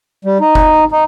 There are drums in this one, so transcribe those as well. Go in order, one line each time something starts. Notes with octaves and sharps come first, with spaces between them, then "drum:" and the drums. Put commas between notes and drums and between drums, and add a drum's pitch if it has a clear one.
G3
D#4
drum: kick F#1
D#4